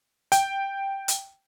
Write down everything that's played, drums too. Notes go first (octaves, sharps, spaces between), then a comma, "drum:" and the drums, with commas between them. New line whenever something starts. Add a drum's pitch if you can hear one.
G5, drum: hi-hat
drum: hi-hat